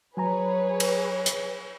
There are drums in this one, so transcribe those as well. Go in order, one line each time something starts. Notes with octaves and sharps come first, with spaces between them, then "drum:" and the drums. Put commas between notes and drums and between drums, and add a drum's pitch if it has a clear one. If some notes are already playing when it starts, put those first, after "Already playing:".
F#3 G#4 B4 C#5 G#5 A#5
drum: cymbal
drum: hi-hat